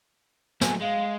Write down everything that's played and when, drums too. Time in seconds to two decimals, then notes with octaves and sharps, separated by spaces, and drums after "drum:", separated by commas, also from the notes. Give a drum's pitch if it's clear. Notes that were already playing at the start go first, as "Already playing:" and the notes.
0.61 F#3 A3 G#5, drum: snare
0.81 G#3 F5